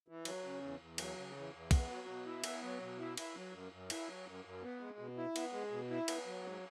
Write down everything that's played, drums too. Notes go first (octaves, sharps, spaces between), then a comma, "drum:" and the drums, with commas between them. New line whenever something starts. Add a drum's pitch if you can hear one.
E3
F#3, drum: cymbal
C#3
E2
E2
F#3, drum: cymbal
C#3
E2
E2
B3, drum: kick, cymbal
F#3
B2
E4
B3, drum: cymbal
F#3
B2
E4
E4, drum: cymbal
F#3
F#2
F#2
E4, drum: cymbal
F#3
F#2
F#2
B3
G#3
B2
E4
B3, drum: cymbal
G#3
B2
E4
B3, drum: cymbal
F#3
G#2